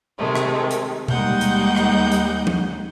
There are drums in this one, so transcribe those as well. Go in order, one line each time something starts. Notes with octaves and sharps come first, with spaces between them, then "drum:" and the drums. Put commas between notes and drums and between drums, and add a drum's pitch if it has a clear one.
C3 D#3 G#3 A3
drum: rim click
drum: hi-hat
D#2 G3 G#3 D#4 F#5 G6, drum: tom B2
drum: hi-hat
drum: rim click
drum: hi-hat
drum: tom F3